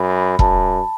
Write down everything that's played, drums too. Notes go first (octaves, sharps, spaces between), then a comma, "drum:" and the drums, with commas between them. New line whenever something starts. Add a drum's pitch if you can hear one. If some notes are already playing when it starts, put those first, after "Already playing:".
Already playing: F#2 B5
B5
F#2 A5, drum: kick E1